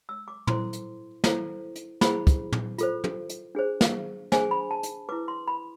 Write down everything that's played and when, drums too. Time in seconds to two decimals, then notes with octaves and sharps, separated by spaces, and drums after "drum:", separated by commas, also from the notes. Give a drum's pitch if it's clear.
0.09 E6
0.28 D6
0.47 E4 A4 C5 C6, drum: tom
0.73 drum: hi-hat
1.24 E4 A4 C5, drum: snare
1.76 drum: hi-hat
2.01 E4 G#4 C5 B5, drum: snare
2.27 drum: kick, hi-hat
2.52 drum: tom
2.78 F4 A4 C5, drum: hi-hat
3.04 drum: tom
3.29 drum: hi-hat
3.55 D4 G#4 C5
3.81 drum: snare
4.32 D4 G#4 C5 G#5, drum: snare
4.51 B5
4.71 A5
4.83 drum: hi-hat
5.09 E4 B4 D6
5.28 C6
5.48 B5